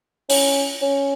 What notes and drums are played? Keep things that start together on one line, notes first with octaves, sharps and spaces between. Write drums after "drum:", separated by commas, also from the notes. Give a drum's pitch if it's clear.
C#4, drum: open hi-hat
C#4